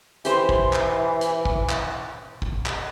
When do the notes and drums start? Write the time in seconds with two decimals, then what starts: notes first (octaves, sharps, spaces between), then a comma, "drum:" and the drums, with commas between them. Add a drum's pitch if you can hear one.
0.25 E3 G4 C5, drum: hi-hat
0.49 drum: kick
0.73 drum: clap
1.21 drum: hi-hat
1.45 drum: kick
1.70 drum: clap
2.42 drum: kick
2.66 drum: clap